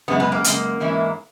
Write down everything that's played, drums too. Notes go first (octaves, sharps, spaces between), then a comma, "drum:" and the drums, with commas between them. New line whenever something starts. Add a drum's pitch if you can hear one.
F#2 C#3 G#3 B3
B3
A#3
F#2 C#3 G#3, drum: hi-hat
G#2 E3 G#3 C#4 E4